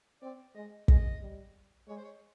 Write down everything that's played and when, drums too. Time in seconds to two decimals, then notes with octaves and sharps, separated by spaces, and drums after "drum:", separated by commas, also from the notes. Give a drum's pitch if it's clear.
0.21 C4 D5
0.55 G#3 D#5
0.88 G#3 D#5, drum: kick
1.21 G3
1.88 G#3 C#5
1.97 C5
2.04 C#5